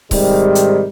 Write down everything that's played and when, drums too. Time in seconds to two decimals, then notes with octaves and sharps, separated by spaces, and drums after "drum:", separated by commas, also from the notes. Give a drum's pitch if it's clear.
0.11 G#2 C3 D#3 G3, drum: kick C#1, open hi-hat
0.55 drum: hi-hat